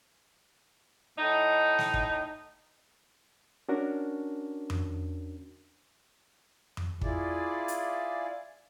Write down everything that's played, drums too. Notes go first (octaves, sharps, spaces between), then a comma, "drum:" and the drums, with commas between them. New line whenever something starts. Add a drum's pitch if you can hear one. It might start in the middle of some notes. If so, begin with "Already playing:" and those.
A2 D#4
drum: snare
drum: kick
C#4 D4 F#4 A#4
drum: tom F2
drum: tom F2
E4 F4 G#4 D5, drum: kick
drum: hi-hat